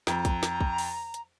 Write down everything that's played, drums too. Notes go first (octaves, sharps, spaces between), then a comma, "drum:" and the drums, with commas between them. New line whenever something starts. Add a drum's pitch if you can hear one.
F2 A#5, drum: snare
drum: kick, hi-hat
drum: snare
drum: kick
drum: open hi-hat
drum: hi-hat